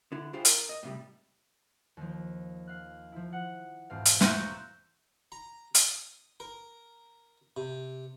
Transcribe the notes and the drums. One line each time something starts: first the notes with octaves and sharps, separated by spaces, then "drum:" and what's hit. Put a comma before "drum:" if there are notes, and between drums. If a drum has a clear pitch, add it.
D3 E4
D4 E4 F4 G4 G#4 C5
A#4, drum: hi-hat
D#5
A2 C3 G3
D#2 F3
F5 F#6
F3 E4
F#5
E1 G#2 C4 F5
drum: hi-hat
E5 A#5 C6 C#6 F#6 G6, drum: snare
A#5
D#6, drum: hi-hat
A#4
C3